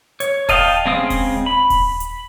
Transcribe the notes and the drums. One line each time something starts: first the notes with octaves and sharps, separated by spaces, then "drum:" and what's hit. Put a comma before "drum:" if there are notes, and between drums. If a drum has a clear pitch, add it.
C#5, drum: hi-hat
A4 D#5 F5 G5 A5, drum: kick D#1, open hi-hat
C#3 G#3 C4 F5 D#6
drum: kick D#1, open hi-hat
B5
drum: kick D#1, open hi-hat
drum: hi-hat